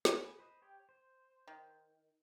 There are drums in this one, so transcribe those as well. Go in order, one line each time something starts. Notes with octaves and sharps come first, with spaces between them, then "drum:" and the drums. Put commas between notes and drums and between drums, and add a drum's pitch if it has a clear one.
G#4 B4, drum: snare
B4 C5 D#5
G4 C#5 G5
C5
D#3